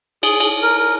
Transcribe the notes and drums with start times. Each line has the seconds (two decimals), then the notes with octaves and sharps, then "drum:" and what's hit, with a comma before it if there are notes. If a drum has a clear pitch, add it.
0.23 G#4, drum: cymbal
0.40 drum: cymbal
0.62 A#4
0.78 A#4